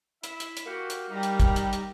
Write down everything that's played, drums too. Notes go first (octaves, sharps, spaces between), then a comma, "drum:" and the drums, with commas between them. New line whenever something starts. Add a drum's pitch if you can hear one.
E4 E5, drum: hi-hat
drum: hi-hat
drum: hi-hat
A#3 F#4 G4
drum: hi-hat
G3 D#4 G4 A#5
drum: hi-hat
drum: kick, hi-hat
drum: hi-hat
drum: hi-hat